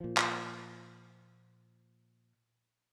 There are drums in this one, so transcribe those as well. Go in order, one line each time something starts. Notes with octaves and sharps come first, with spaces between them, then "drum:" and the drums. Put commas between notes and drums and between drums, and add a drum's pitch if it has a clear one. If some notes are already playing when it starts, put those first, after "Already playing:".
A#2 F3
drum: clap